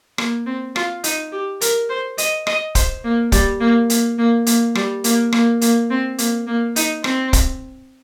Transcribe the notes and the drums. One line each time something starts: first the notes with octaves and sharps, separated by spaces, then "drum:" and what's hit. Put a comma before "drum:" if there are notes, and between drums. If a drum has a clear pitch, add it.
A#3, drum: rim click
C4
F4, drum: rim click
D#4, drum: hi-hat
G4
A#4, drum: hi-hat
C5
D#5, drum: hi-hat
D#5, drum: rim click
C5, drum: kick, hi-hat
A#3
G3, drum: kick, hi-hat
A#3
A#3, drum: hi-hat
A#3
A#3, drum: hi-hat
G3, drum: rim click
A#3, drum: hi-hat
A#3, drum: rim click
A#3, drum: hi-hat
C4
A#3, drum: hi-hat
A#3
D#4, drum: hi-hat
C4, drum: rim click
drum: kick, hi-hat